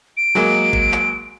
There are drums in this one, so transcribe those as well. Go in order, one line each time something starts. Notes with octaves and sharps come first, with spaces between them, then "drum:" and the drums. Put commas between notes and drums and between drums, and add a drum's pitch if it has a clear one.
D7
F#3 G#3 A#3
drum: kick
drum: clap